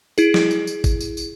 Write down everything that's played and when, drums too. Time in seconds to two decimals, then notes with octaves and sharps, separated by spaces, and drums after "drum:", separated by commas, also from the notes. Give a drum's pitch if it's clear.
0.18 E4 G#4, drum: tambourine
0.34 drum: snare
0.51 drum: tambourine
0.67 drum: tambourine
0.84 drum: kick G#1, tambourine
1.01 drum: tambourine
1.17 drum: tambourine